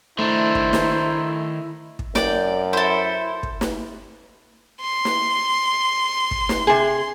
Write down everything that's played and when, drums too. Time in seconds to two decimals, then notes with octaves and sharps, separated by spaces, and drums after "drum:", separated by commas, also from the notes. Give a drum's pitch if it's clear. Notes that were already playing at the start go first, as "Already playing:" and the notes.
0.19 D#3 A3 D4 E4 C5
0.55 drum: kick
0.73 drum: snare
1.99 drum: kick
2.15 F#2 D5 G5, drum: snare
2.73 E4 A4 C5
3.43 drum: kick
3.61 drum: snare
4.81 C6
5.05 drum: snare
6.31 drum: kick
6.49 drum: snare
6.67 C3 G#4